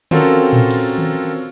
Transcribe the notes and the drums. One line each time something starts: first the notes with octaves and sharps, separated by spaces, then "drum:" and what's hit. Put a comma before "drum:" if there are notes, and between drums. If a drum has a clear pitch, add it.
C4 C#4 F4 F#4 A4 A#4, drum: tom D3
drum: tom A2
drum: cymbal
drum: tom D#3